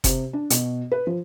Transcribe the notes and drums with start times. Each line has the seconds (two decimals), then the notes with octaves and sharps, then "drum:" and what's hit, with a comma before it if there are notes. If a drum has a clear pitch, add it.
0.04 C3, drum: kick F#1, hi-hat
0.33 D4
0.50 B2, drum: hi-hat
0.92 B4
1.07 F3